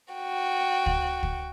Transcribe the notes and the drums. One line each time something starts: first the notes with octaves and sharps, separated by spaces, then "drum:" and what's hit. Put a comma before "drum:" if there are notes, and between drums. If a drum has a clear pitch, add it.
F#4 G5
drum: kick
drum: kick